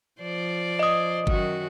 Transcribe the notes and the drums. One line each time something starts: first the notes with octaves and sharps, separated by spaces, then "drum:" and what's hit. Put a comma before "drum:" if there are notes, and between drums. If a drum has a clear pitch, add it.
F3 C5 D5
D#5 D#6
F#2 D#3 F#4, drum: kick G1